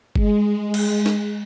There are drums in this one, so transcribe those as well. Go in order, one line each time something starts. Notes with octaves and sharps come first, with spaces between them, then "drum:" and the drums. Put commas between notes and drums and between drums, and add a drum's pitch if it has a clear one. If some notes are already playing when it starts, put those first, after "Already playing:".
G#3, drum: kick G1
drum: cymbal
drum: snare